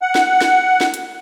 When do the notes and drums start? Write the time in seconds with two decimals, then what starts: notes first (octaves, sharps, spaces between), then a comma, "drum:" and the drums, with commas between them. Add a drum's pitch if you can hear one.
0.02 F#5
0.15 drum: snare
0.41 drum: snare
0.81 drum: snare
0.94 drum: hi-hat